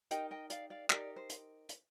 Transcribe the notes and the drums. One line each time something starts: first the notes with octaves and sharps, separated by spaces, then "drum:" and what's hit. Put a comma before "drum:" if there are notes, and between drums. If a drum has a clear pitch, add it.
D#4 G4 A#4 D#5 G5, drum: hi-hat
D#5 G5
D5 F5, drum: hi-hat
D5 F5
D#4 G4 A#4 D5, drum: clap
C5
drum: hi-hat
drum: hi-hat